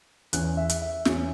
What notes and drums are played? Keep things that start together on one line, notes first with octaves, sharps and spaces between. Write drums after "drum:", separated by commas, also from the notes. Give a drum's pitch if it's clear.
E2 E3 C#4 F#6, drum: hi-hat
E5
drum: hi-hat
E5
E2 E3 C#4 E5, drum: snare